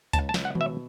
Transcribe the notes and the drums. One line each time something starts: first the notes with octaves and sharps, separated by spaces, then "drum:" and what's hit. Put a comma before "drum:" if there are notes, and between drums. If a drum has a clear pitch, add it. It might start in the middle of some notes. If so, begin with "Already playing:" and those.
C#2 A5, drum: kick D2, hi-hat
A5
C#2, drum: snare
F#5
B2, drum: tom D#3
E5